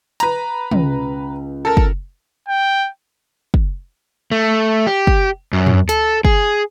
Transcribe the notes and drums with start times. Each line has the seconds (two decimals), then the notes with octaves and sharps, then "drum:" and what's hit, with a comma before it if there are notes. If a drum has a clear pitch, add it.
0.20 B4 A#5, drum: hi-hat
0.71 C#2, drum: tom
1.65 A4 A#4
1.77 drum: kick
2.49 G5
3.54 drum: kick
4.32 A3
4.87 G4
5.07 drum: kick
5.53 F#2
5.67 drum: tom
5.89 A4, drum: hi-hat
6.25 G#4, drum: kick